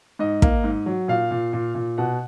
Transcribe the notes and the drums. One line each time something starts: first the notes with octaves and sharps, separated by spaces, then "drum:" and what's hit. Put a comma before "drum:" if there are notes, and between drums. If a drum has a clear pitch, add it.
G#2 D#5
A#3, drum: kick
G#2
F#3
A#2 F5
A#2
A#2
A#2
B2 F#5